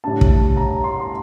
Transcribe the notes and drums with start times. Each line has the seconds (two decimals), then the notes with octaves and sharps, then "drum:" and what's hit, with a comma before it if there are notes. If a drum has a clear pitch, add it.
0.04 A2 G3 D4 A5
0.21 drum: kick
0.57 A#5
0.84 C6
1.00 C6